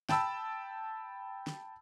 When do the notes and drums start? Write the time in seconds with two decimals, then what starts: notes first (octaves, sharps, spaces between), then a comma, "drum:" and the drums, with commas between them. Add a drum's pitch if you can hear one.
0.09 G5 A5 B5 E6, drum: snare
1.47 drum: snare